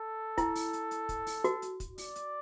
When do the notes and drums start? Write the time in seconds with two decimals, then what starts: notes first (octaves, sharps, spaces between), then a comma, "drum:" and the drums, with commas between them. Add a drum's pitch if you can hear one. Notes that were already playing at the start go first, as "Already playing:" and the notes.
Already playing: A4
0.38 E4, drum: kick, hi-hat
0.55 drum: open hi-hat
0.73 drum: hi-hat
0.91 drum: hi-hat
1.09 drum: kick, hi-hat
1.27 drum: open hi-hat
1.44 F#4, drum: hi-hat
1.62 drum: hi-hat
1.80 drum: kick, hi-hat
1.98 D5, drum: open hi-hat
2.16 drum: hi-hat